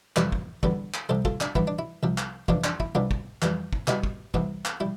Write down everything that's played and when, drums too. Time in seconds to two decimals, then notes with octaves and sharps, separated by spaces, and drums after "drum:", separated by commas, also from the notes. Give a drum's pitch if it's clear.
0.16 F2 C3 E3 G3 B4 D5, drum: clap
0.32 drum: kick
0.63 E2 D3 G3 B3, drum: kick
0.94 drum: clap
1.09 C2 C3 G3 A4 C5
1.25 F4 A4, drum: kick
1.41 D4, drum: clap
1.55 G2 E3 B3 E4, drum: kick
1.67 D4
1.79 E4
2.03 C2 C3 F3
2.18 drum: clap
2.48 F2 C3 E3 D4 F4, drum: kick
2.64 D4, drum: clap
2.80 E4, drum: kick
2.95 C2 C3 G3 B3 D4 F4
3.11 drum: kick
3.42 F2 E3 G3, drum: clap
3.73 drum: kick
3.88 B2 G3 B3 E4 G4, drum: clap
4.03 drum: kick
4.34 C2 C3 E3 B3, drum: kick
4.65 drum: clap
4.80 G3 E4